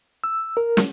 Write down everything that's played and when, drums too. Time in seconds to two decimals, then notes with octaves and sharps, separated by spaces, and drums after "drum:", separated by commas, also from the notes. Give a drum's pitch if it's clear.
0.24 E6
0.57 A#4
0.77 drum: snare